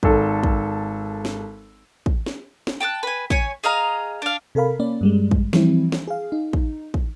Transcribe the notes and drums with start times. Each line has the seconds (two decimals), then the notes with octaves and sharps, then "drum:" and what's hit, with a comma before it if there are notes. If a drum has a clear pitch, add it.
0.03 G#1 A4, drum: kick
0.43 drum: kick
1.25 drum: snare
2.06 drum: kick
2.26 drum: snare
2.67 drum: snare
2.80 G5 A5 D6 F#6
3.03 B4 G#5
3.30 C#5 G#5, drum: kick
3.64 G#4 D#5 F5 A#5
4.22 D4 F5
4.55 C3 A4 A#4 F5 B5
4.79 A#3 C#4 D5
5.01 G2 G3 G#3
5.31 drum: kick
5.53 E3 F3 G3 C4 E4, drum: snare
5.92 drum: snare
6.08 G#4 F5
6.32 D#4
6.53 drum: kick
6.94 drum: kick